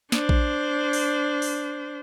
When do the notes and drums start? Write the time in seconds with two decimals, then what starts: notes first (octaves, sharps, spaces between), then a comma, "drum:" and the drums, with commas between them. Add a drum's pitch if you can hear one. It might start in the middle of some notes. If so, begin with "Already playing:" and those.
0.12 D4 C5, drum: snare
0.29 drum: kick A#1
0.93 drum: open hi-hat
1.42 drum: open hi-hat